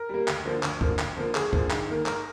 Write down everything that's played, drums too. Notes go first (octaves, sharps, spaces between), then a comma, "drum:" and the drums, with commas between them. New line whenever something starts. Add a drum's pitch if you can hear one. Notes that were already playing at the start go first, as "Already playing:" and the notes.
Already playing: A#4
G3 A#3
D2, drum: clap
D3 F3 A#3
D2, drum: clap
D3 F3 A#3, drum: kick
D2, drum: clap
D3 F3 A#3
D2 G#4, drum: clap
D3 F3 A#3, drum: kick
G#2, drum: clap
D#3 A#3
G#2 A#4, drum: clap